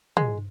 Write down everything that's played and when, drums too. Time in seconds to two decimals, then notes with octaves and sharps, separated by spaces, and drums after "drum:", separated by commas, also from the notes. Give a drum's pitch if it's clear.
0.17 G#3, drum: tom